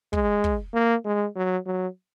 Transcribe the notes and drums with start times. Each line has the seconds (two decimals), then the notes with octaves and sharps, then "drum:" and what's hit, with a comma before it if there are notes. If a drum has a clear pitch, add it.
0.13 G#3, drum: kick
0.44 drum: kick
0.74 A#3
1.05 G#3
1.36 F#3
1.66 F#3